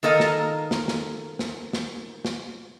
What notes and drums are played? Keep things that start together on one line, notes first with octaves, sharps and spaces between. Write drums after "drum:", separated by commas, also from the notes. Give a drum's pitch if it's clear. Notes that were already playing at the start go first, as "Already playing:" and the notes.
D#3 A#3 A4 A#4 D#5
drum: snare
drum: snare
drum: snare
drum: snare
drum: snare
drum: snare